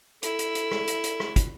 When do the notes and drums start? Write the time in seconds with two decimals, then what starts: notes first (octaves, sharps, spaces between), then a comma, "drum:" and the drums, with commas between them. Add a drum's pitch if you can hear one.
0.23 E4 A4, drum: hi-hat
0.39 drum: hi-hat
0.55 drum: hi-hat
0.71 drum: rim click
0.88 drum: hi-hat
1.04 drum: hi-hat
1.20 drum: rim click
1.36 drum: kick, hi-hat